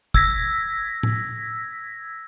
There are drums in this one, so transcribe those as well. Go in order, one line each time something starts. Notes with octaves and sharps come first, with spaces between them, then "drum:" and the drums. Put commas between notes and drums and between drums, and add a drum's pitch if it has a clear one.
E6 G#6 A#6 B6, drum: kick
drum: tom